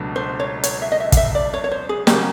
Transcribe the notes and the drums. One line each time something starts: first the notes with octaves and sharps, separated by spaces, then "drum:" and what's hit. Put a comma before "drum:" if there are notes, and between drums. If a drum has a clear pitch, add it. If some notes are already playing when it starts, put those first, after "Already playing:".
Already playing: C#2 B2 F#3 A3 D4
C5
C#5
C#5, drum: hi-hat
E5
D#5
E5
F5, drum: kick, hi-hat
E5
D5
C#5
C#5
C5
G#4
C#3 F#3 A#3 G4, drum: snare